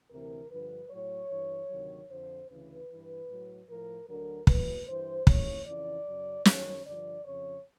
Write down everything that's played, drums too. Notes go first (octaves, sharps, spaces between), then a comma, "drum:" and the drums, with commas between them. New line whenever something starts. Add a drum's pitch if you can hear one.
D2 C3 E3 A#4
G2 D3 F3 B4
A2 F#3 C#5
G2 E3
D2 C3 D#3 F#3
F2 D3 F3 C5
D2 C#3 E3 B4
G2 E3
A2 F#3
A2 F3 A#4
D2 D3 F#3 A#4
E2 B2 F#3 B4, drum: kick
G2 E3 C5
D#2 C#3 E3 C#5, drum: kick
F2 C#3 E3 D5
F#2 C#3 F#3
F#2 D#3 F#3 C#5, drum: snare
G2 D3 F3 D5
F2 C#3 F3 C#5